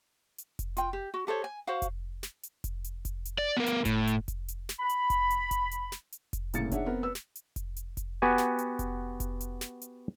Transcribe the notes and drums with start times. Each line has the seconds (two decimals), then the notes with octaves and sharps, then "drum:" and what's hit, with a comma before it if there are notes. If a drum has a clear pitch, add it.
0.38 drum: hi-hat
0.59 drum: kick F1, hi-hat
0.77 F4 G5, drum: hi-hat
0.93 G4
1.14 F#4
1.27 G4 A4 C5 C#5
1.44 G#5
1.67 F#4 C5 F5 F#5
1.82 drum: kick F1, hi-hat
2.23 drum: snare
2.43 drum: hi-hat
2.64 drum: kick F1, hi-hat
2.84 drum: hi-hat
3.05 drum: kick F1, hi-hat
3.25 drum: hi-hat
3.38 D5
3.57 B3 A#4
3.66 drum: hi-hat
3.85 A2, drum: kick F1, hi-hat
4.07 drum: hi-hat
4.28 drum: kick F1, hi-hat
4.48 drum: hi-hat
4.69 drum: snare
4.80 B5
4.89 drum: hi-hat
5.10 drum: kick F1, hi-hat
5.30 drum: hi-hat
5.51 drum: kick F1, hi-hat
5.71 drum: hi-hat
5.92 drum: snare
6.12 drum: hi-hat
6.33 drum: kick F1, hi-hat
6.53 C2 A2 C#3 A#3 A6 C#7, drum: hi-hat
6.71 D4 D#4 G#4 C#5 E5 F#5, drum: kick F1, hi-hat
6.86 B3 C4 A#4
7.03 B4 E6
7.15 drum: snare
7.35 drum: hi-hat
7.56 drum: kick F1, hi-hat
7.76 drum: hi-hat
7.97 drum: kick F1, hi-hat
8.22 B3 F#4 G4 G#5
8.38 drum: snare
8.59 drum: hi-hat
8.79 drum: kick F1, hi-hat
9.20 drum: kick F1, hi-hat
9.41 drum: hi-hat
9.61 drum: snare
9.82 drum: hi-hat